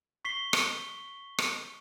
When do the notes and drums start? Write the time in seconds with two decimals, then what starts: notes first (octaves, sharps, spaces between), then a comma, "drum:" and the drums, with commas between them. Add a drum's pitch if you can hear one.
0.25 C#6 B6 C7 G7
0.53 drum: rim click
1.38 drum: rim click